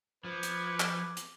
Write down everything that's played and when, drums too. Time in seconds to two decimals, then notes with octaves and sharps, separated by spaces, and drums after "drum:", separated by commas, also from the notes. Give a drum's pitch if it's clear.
0.24 F3 B4 D6 G#6 C#7
0.43 drum: hi-hat
0.80 drum: clap
1.17 drum: hi-hat